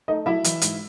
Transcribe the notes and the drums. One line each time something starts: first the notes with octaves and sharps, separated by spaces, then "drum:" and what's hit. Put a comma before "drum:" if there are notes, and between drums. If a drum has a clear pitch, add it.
A3 D#4 D#5
F#3 E4 E5
E3, drum: hi-hat
G#2, drum: hi-hat